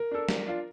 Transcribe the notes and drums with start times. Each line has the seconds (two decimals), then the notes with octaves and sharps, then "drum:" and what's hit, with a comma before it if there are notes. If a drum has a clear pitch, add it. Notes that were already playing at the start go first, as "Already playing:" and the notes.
Already playing: A#4
0.11 D4 A4
0.29 G3, drum: snare
0.46 D4 F4